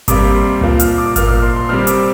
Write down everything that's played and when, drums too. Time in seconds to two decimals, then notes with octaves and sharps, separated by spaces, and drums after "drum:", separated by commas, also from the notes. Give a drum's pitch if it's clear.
0.08 C3 G3 A#3 D6, drum: kick G#1, hi-hat
0.35 C6
0.61 A#2 F3 A#3, drum: tom C#2
0.80 F6, drum: hi-hat
0.98 D6
1.16 A#2 F3 A#3 F6, drum: kick G#1, hi-hat
1.28 F6
1.42 C6
1.56 C6
1.69 C3 G3 C4 F6
1.87 D6, drum: hi-hat